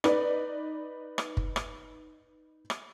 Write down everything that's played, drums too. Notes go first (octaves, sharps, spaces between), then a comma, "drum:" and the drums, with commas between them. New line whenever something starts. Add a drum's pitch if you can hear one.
D#4 B4 D5, drum: rim click
drum: rim click
drum: kick
drum: rim click
drum: rim click